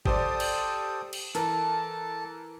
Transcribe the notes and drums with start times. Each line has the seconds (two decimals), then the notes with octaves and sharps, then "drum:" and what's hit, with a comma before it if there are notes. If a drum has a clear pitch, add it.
0.05 G4 A4 C5 D5 G5 D#6, drum: kick G1
0.40 drum: cymbal
1.13 drum: cymbal
1.35 E3 A4 A#4 A5, drum: hi-hat